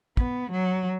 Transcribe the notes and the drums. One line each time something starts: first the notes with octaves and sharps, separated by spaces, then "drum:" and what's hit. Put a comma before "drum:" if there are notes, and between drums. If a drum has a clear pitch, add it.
B3, drum: kick
F#3